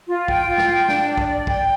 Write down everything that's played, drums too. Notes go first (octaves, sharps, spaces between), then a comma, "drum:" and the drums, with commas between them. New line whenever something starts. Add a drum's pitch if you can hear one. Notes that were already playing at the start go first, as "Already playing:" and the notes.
F4
G5, drum: kick
F4
drum: snare
G5
D4, drum: snare
D5
drum: kick
D5
G5, drum: kick